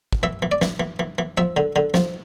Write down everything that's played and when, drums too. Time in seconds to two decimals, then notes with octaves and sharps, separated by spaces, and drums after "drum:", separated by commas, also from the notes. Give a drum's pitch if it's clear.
0.12 drum: kick
0.23 E3 E5
0.42 E3
0.52 D5
0.62 E3, drum: snare
0.80 E3
0.99 E3
1.18 E3
1.37 F3 E5
1.57 D3
1.76 D3
1.94 F3, drum: snare